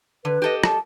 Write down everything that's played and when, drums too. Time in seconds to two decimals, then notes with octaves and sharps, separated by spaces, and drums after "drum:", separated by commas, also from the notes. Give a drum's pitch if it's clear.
0.25 D3 B4
0.42 G4 A4 D#5
0.64 A5, drum: rim click